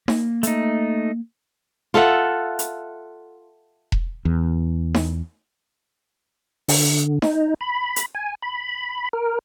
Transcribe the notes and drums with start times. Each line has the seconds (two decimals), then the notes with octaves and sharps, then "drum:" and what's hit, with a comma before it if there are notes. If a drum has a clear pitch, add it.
0.08 A#3, drum: snare D#4
0.43 A3 D#4, drum: hi-hat
1.94 F4 A4 E5 F#5
2.59 drum: hi-hat
3.92 drum: kick E1
4.25 E2
4.94 drum: snare D#4
6.68 D3, drum: open hi-hat
7.22 D#4, drum: snare D#4
7.61 B5
7.96 drum: hi-hat
8.15 G#5
8.42 B5
9.13 A#4